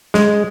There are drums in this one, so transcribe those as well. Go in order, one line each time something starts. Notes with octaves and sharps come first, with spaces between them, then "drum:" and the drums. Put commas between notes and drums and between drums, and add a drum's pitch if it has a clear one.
G#3, drum: snare